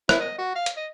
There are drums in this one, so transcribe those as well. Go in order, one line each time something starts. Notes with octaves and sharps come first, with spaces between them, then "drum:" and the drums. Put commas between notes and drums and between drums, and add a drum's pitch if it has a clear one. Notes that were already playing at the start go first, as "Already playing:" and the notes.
E4, drum: rim click
D#5
F#4
F5
drum: hi-hat
D#5